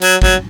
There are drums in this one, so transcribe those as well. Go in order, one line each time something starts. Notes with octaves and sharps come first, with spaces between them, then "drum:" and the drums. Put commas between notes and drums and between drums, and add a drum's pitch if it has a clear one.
F#3, drum: hi-hat
F#3, drum: kick